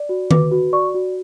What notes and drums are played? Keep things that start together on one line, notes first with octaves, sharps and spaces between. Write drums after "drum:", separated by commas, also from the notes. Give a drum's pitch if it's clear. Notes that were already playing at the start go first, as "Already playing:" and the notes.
Already playing: D5
F#4
B4 D6, drum: tom D#3
F#4
D5 C#6
F#4